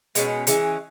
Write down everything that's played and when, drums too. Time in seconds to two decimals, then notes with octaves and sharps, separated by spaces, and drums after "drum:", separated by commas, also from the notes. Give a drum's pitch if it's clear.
0.15 B2 G#3 C#4, drum: hi-hat
0.47 E3 G#3 C#4, drum: hi-hat